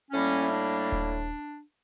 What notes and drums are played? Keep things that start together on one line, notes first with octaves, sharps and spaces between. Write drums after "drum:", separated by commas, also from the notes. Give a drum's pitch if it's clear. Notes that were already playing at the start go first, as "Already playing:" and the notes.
A2 G3 A#3 C#4
E4
D4
drum: kick D#1